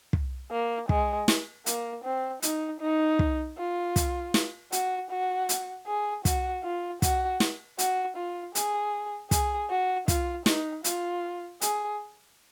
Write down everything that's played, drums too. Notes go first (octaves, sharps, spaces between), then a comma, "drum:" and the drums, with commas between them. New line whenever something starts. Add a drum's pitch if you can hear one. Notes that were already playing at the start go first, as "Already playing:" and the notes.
drum: kick
A#3
G#3, drum: kick
drum: snare
A#3, drum: hi-hat
C4
D#4, drum: hi-hat
D#4
drum: kick
F4
drum: kick, hi-hat
drum: snare
F#4, drum: hi-hat
F#4
drum: hi-hat
G#4
F#4, drum: kick, hi-hat
F4
F#4, drum: kick, hi-hat
drum: snare
F#4, drum: hi-hat
F4
G#4, drum: hi-hat
G#4, drum: kick, hi-hat
F#4
F4, drum: kick, hi-hat
D#4, drum: snare
F4, drum: hi-hat
G#4, drum: hi-hat